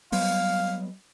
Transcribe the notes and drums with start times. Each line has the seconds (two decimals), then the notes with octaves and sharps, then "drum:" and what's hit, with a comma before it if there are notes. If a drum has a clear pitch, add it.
0.12 F#3 G3 B3 F5, drum: open hi-hat